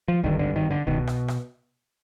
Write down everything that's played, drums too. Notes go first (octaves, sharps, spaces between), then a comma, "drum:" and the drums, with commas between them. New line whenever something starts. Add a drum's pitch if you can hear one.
F3
G#1 G2 D3 D#3, drum: kick C2
D3
D#3
D3
B2 D#3, drum: kick C2
drum: rim click
drum: rim click